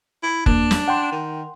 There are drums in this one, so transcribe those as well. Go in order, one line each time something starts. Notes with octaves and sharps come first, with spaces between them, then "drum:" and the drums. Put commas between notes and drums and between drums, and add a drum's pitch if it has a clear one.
E4
E2 A#3 D4, drum: kick F1
drum: snare
F#5 G5 C6
D#3